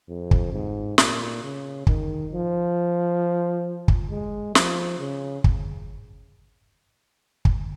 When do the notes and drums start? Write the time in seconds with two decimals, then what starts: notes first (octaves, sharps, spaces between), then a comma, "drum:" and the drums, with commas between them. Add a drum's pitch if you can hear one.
0.09 F2
0.31 drum: kick
0.53 G#2
0.98 A#2, drum: snare
1.43 C#3
1.87 D#3, drum: kick
2.32 F3
3.88 drum: kick
4.11 G#3
4.55 F3, drum: snare
4.99 C#3
5.44 drum: kick
7.45 drum: kick